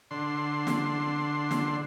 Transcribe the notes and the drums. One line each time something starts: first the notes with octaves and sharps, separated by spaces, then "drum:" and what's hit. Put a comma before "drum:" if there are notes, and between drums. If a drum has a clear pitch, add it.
D3 C6
drum: snare
drum: snare